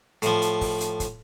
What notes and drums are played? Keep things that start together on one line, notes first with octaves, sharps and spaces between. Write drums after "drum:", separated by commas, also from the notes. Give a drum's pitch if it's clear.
A2 F3, drum: hi-hat
drum: hi-hat
drum: kick, open hi-hat
drum: hi-hat
drum: kick, hi-hat